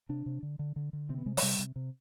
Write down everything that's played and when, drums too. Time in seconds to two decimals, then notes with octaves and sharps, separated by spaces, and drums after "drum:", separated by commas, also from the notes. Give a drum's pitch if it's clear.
0.09 C3 D4
0.26 C3
0.43 D3
0.59 D3
0.76 D3
0.93 D3
1.09 C3 C4
1.18 B3
1.26 C3 G#3
1.37 F3, drum: open hi-hat
1.42 C3 G3
1.59 C3
1.76 C3